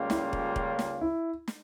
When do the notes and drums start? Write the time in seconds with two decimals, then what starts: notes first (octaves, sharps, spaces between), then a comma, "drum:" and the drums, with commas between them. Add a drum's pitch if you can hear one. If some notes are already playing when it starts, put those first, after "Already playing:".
Already playing: C#2 C#3 G3 A#3 F4
0.10 E4, drum: snare
0.33 drum: kick
0.56 drum: kick
0.79 drum: snare
1.01 E4
1.48 drum: snare